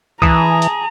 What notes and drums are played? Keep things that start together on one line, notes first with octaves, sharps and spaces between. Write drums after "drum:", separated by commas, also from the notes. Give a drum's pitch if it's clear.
E3 G#4 A5 A#5 D#6, drum: kick C2
drum: hi-hat